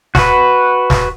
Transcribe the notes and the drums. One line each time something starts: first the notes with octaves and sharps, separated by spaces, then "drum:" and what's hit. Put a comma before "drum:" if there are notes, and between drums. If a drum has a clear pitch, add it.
F#4 B4, drum: snare
drum: snare